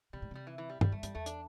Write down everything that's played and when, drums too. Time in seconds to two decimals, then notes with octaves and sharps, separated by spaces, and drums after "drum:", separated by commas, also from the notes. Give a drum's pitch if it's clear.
0.13 C3 G3
0.22 A2
0.31 C3 G3
0.47 E3
0.58 E3
0.70 G3
0.81 C3 G3, drum: tom
0.92 G2 A3
1.03 G2 G3, drum: hi-hat
1.15 E2 A3
1.26 D4, drum: hi-hat